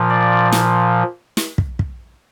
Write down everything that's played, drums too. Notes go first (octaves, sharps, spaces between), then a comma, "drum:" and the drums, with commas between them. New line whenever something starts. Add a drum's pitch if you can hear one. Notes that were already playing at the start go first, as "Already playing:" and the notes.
Already playing: A#2 F3
D5
drum: snare
drum: snare
drum: kick
drum: kick